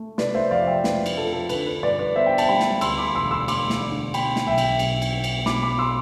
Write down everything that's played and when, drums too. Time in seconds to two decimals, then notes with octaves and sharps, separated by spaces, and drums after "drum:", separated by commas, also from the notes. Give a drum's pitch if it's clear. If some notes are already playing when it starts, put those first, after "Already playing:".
Already playing: A3
0.18 C3 B4 D5, drum: snare
0.34 C5 E5
0.51 F2 D5 F5
0.67 E5 G5
0.84 C4 B4, drum: snare
1.06 drum: cymbal
1.17 F3 A4
1.33 A4
1.49 D3 B4, drum: cymbal
1.67 B4
1.83 G2 B4 D5
1.99 B4 D5
2.16 B3 C5 E5
2.26 G5
2.38 A5, drum: cymbal
2.49 G3 G5 B5
2.60 drum: snare
2.81 D2 C6 E6, drum: cymbal
2.98 B5 D6
3.15 E1 C6 E6
3.31 C6 E6
3.48 A3 B5 D6, drum: cymbal
3.70 drum: snare
3.81 D3
4.14 B2 G5 B5, drum: cymbal
4.36 drum: snare
4.47 B1 E5 G5
4.58 drum: cymbal
4.79 B1, drum: cymbal
5.02 drum: cymbal
5.13 B3
5.24 drum: cymbal
5.46 B2 B5 D6, drum: snare
5.62 B5 D6
5.78 C6 E6